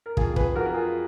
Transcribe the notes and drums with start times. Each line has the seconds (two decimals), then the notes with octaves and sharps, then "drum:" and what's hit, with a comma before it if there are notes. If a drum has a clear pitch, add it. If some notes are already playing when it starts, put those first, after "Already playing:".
0.06 A#4
0.17 F2 F4 G#4, drum: kick
0.36 G#4 B4, drum: kick
0.55 F2 F#4 A#4
0.65 A#4
0.74 F4 G#4